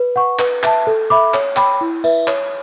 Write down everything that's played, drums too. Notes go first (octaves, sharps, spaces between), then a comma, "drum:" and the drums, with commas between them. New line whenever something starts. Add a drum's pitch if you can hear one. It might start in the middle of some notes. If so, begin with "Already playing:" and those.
Already playing: B4
F#5 C#6
B4, drum: clap
E5 A5, drum: clap
A4
E5 B5 D6
C#5, drum: clap
G5 B5 D6, drum: clap
E4
B4 E5, drum: tambourine
C#5, drum: clap